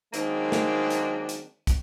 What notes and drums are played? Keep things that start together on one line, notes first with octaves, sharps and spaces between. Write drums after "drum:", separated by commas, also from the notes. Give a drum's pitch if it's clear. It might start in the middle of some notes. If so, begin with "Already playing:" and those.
D#3 F#3 G#3 A#3 C4 D4, drum: hi-hat
drum: snare
drum: hi-hat
drum: hi-hat
drum: kick, hi-hat